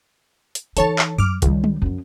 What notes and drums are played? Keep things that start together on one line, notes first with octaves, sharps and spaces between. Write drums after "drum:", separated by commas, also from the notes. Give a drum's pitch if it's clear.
drum: hi-hat
E3 D#4 A4 C#5 A5, drum: hi-hat
drum: clap
F#3 D6 F6, drum: tom F#2
C#2 D#3 G3, drum: hi-hat
drum: tom G3
F#2 F3